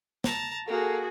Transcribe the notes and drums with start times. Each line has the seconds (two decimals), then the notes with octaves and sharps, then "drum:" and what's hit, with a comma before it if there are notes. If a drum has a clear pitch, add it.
0.24 A5 A#5, drum: snare
0.68 A#3 F#4 G#4 A4